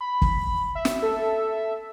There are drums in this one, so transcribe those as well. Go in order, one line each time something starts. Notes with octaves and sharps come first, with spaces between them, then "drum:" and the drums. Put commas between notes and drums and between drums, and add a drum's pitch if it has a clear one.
B5
drum: kick F#1
E5
drum: snare
A4